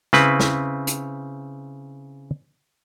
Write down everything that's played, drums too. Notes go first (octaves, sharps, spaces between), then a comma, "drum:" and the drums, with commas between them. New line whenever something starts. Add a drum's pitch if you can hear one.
C#3 C4 E4 B4, drum: snare
drum: snare
drum: hi-hat